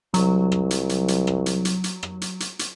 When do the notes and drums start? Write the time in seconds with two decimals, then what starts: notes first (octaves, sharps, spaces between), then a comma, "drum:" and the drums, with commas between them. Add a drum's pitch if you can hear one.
0.14 C2 F#3, drum: hi-hat
0.52 drum: rim click
0.71 drum: hi-hat
0.89 drum: hi-hat
1.08 drum: hi-hat
1.27 drum: rim click
1.46 drum: hi-hat
1.65 drum: hi-hat
1.84 drum: hi-hat
2.03 drum: rim click
2.21 drum: hi-hat
2.40 drum: hi-hat
2.59 drum: hi-hat